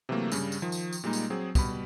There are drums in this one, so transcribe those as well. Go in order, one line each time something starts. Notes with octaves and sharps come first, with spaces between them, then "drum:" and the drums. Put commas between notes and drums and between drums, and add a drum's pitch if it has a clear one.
C3 E3 F#3 A3 A#3
G2 C#3 G3, drum: tambourine
drum: tambourine
D#3 F3
drum: tambourine
drum: tambourine
A#2 G3 G#3 A#3 D#4
drum: tambourine
F#3 C4 G#4
B2 G3 B5, drum: kick, tambourine